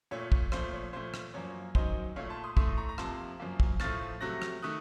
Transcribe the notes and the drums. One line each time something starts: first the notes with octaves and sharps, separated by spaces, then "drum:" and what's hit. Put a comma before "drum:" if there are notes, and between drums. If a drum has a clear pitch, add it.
A#2 A3 C#5
drum: kick
A#2 F3 A3 C5, drum: rim click
C#5
A#2 A3 C5
drum: rim click
F#2 F3 A#3 C#5
F#2 D#3 F#3 C5 D#5, drum: kick
A#2 A3 C#5 F5
A5 C6
C6 D#6
A2 A3 C6 D#6, drum: kick
A#5 C#6
A#5
F2 C3 F3 A#3 A5 C6, drum: rim click
F#2 F3 A#3
drum: kick
A2 F3 A3 F6 A6, drum: rim click
C3 F#3 A3 F#6 A#6
drum: rim click
D#3 A3 D#6 F#6